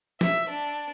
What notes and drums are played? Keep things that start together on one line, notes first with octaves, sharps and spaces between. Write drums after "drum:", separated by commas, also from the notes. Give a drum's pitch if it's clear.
E5, drum: snare
D4